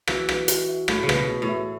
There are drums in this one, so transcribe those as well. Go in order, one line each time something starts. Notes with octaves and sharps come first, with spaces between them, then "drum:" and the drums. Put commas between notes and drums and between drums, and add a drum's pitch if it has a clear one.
E3 F#4, drum: rim click
B4, drum: rim click
F#4, drum: hi-hat
E5
A2 F#4, drum: rim click
C#3
B4, drum: rim click
B2
F#4
A2
E5